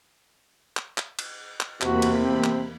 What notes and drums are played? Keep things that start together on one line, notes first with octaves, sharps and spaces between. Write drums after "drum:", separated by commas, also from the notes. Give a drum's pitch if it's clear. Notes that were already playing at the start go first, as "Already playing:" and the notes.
drum: clap
drum: clap
drum: cymbal
drum: clap
E2 C3 A#3 F#4 B5, drum: clap
drum: cymbal
C4
drum: clap